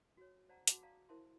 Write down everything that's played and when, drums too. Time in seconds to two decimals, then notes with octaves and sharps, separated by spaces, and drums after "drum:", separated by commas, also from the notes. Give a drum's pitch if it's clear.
0.17 F#4 C#5
0.49 C5 D5 F#5 A5 A#5
0.67 F#4 G#4 F#5 A5 D6, drum: hi-hat
0.82 D5 F5 A5 A#5 D#6
1.09 E4 A#4 C5 E5 A5 C6